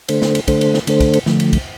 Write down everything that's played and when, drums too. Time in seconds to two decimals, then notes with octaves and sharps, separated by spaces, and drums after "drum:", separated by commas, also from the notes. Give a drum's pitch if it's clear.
0.08 D3 A3 D4 A4 C5, drum: cymbal
0.22 drum: snare
0.35 drum: cymbal
0.48 D3 A3 D4 A4 C5, drum: kick, cymbal
0.61 drum: cymbal
0.74 drum: snare
0.87 D3 A3 D4 A4 C5, drum: cymbal
1.00 drum: kick, cymbal
1.13 drum: cymbal
1.26 D3 F3 A3, drum: snare
1.40 drum: cymbal
1.53 drum: kick, cymbal